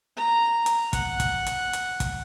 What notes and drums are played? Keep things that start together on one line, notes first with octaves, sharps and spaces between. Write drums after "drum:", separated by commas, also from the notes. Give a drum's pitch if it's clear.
A#5
drum: hi-hat
F#5, drum: kick, hi-hat
drum: kick, hi-hat
drum: hi-hat
drum: hi-hat
drum: kick, hi-hat